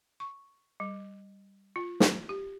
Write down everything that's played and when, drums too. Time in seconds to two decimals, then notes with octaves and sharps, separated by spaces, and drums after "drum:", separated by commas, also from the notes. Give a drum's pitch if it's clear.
0.20 C#6
0.80 G3
1.76 F4
2.00 drum: snare
2.29 G4